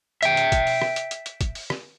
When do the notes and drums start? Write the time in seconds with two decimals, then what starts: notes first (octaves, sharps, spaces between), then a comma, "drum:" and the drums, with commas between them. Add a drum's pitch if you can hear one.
0.23 E5 G5, drum: hi-hat
0.37 drum: hi-hat
0.52 drum: kick, hi-hat
0.67 drum: open hi-hat
0.82 drum: rim click
0.96 drum: hi-hat
1.11 drum: hi-hat
1.26 drum: hi-hat
1.41 drum: kick, hi-hat
1.55 drum: open hi-hat
1.70 drum: rim click